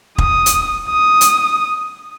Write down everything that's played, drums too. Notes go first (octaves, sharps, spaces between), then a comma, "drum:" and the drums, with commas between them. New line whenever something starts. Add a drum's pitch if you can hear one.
D#6, drum: kick
drum: hi-hat
D#6
drum: hi-hat